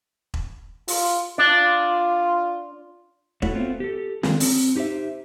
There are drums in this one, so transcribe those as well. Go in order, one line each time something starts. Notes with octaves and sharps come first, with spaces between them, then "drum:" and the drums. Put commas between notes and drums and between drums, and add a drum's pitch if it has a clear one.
drum: kick E1
F4, drum: open hi-hat
D4 F4 D5
A3 E4 F#4 A4 C#5, drum: kick E1
A3 B3 C4 F4
G4 A4
D#3 F#3 G#3 A#3 C4 F4, drum: snare
C4, drum: open hi-hat
D#4 G4 G#4 C5 E5